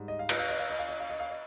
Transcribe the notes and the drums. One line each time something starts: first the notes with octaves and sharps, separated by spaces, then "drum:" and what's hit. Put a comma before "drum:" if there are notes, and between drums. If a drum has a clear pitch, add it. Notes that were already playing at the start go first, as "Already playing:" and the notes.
Already playing: G#2 G3
D#5
F5
D#5, drum: cymbal
F5
D#5
F5
D#5
F5
D#5
F5
D#5
F5
D#5